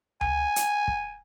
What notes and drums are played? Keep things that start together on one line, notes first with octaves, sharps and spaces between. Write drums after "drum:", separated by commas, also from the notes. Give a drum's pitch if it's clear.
G#5, drum: tom C#2
drum: hi-hat
drum: kick